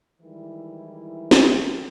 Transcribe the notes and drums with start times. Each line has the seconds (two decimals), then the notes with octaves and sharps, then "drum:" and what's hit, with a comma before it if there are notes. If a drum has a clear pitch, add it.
0.21 D#3 E3 G3 G#3 E4
1.31 drum: snare